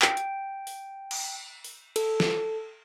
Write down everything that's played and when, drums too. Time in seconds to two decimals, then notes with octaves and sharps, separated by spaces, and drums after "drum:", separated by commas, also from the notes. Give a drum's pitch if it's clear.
0.02 G5, drum: clap
0.17 drum: hi-hat
0.67 drum: open hi-hat
1.11 drum: cymbal
1.64 drum: open hi-hat
1.96 A4, drum: cymbal
2.20 drum: snare